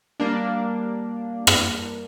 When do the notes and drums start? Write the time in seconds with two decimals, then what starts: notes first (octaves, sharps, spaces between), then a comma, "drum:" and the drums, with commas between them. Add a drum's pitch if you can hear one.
0.20 G3 A#3 D4
1.47 drum: rim click